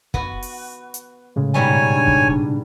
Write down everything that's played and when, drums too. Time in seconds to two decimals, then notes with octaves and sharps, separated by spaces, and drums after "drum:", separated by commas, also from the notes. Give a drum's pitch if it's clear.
0.14 B3 F#4, drum: kick F#1
0.42 drum: open hi-hat
0.94 drum: hi-hat
1.36 A2 C#3 G#3
1.54 G#2 B2 G3 C#5 G#5
1.95 D4
2.08 drum: kick F#1